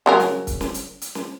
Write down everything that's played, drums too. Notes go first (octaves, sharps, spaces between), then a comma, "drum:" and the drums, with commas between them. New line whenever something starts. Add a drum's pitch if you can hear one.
C#3 F#3 A#4
drum: snare
drum: kick, hi-hat
drum: snare
drum: hi-hat
drum: hi-hat
drum: snare